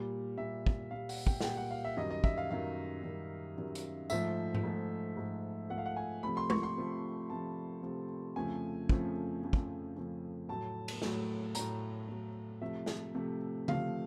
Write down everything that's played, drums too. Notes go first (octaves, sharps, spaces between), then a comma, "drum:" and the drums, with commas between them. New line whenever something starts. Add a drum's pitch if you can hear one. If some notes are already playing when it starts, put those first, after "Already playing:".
Already playing: A#2 G3
A#2 G3 E5
drum: kick
A#2 G3 F5
F#5, drum: open hi-hat
G5, drum: kick
F#5, drum: snare
A#2 G3 G5
F#5
F5
E5
F#2 D#3 G3 D#5
D#5
E5, drum: kick
F5
F#2 D#3 G3 F5
F#2 D#3 G3
F#2 D#3 G3
drum: hi-hat
G#2 F3 A3 E5, drum: tambourine
drum: tom G#2
G#2 F3 A3
G#2 F3 A3
G#2 F3 A3 F#5
F5
F#5
G#5
C3 F3 A3 B5
C6
C#6, drum: tom G#3
C6
C3 F3 A3
C3 F3 A3 A5
C3 F3 A3
F2 C#3 F3 A3 G#5
F2 C#3 F3 A3, drum: kick
F2 C#3 F3 A3
drum: kick
F2 C#3 F3 A3
A2 F#3 A3 A5
drum: cymbal
A2 F#3 A3, drum: snare
A2 F#3 A3 A#5, drum: hi-hat
A2 F#3 A3
C3 F3 A3 E5
drum: snare
C3 F3 A3
C3 F3 A3 F5, drum: tom C#3